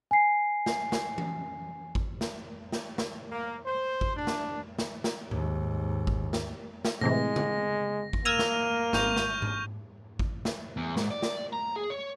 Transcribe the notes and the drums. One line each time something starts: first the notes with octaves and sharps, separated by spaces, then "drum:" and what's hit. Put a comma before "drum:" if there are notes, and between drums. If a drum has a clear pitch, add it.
G#5 C7
drum: snare
drum: snare
drum: tom E3
drum: kick G#1
drum: snare
drum: snare
drum: snare
A#3
C5
drum: kick G#1
D4
drum: snare
drum: snare
drum: snare
D#2 G#2, drum: tom G#2
drum: kick G#1
drum: snare
drum: snare
A2 C3 E3 G#3 A#6
drum: tom C#3
drum: kick G#1
A#3 E6 F6 G#6 A#6 D#7 F7
drum: snare
G#1 C#6 G6 F7, drum: snare
drum: snare
drum: tom G#2
drum: kick G#1
drum: snare
E2
G#2, drum: snare
D5
drum: snare
A#5
G#4
C#5